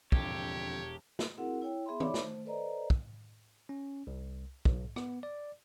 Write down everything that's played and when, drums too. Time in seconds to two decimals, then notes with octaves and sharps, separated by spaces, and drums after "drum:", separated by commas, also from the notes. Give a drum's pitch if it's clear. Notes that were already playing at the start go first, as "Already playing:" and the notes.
0.12 E1 F2 D3 G4 C#5, drum: kick
1.19 drum: snare
1.38 C4 E4 F#4 G#4 A#4 F#5
1.62 E4 C#5 G5
1.86 B3 G#4 E5 B5 C6
2.00 D#4 C#5 D5 E5 B5 D6, drum: tom
2.14 A3 C5, drum: snare
2.45 A4 B4 C5 D5 D#5 A#5
2.90 drum: kick
3.69 C#4
4.07 C2
4.65 B1, drum: kick
4.96 B3, drum: rim click
5.23 D5